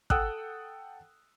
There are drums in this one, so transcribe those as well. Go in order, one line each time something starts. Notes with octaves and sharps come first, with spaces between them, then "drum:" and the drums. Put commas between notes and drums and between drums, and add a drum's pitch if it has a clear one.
A4 F#5 G5 D#6 E6 F#6, drum: kick